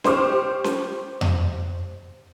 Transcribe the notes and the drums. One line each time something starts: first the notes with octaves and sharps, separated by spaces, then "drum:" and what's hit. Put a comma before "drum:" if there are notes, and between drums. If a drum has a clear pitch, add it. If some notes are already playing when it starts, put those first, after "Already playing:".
G4 C5 C#6 D6 F6, drum: snare C#4
drum: snare C#4
drum: tom F2